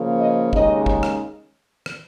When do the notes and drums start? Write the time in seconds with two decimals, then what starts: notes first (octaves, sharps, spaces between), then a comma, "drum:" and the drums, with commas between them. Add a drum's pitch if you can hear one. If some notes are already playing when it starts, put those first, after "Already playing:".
Already playing: C#3 F3 A#3
0.20 D#5
0.53 D#2 C#3 G#3 D#4 D#5, drum: kick
0.86 drum: kick
1.03 drum: rim click
1.86 drum: rim click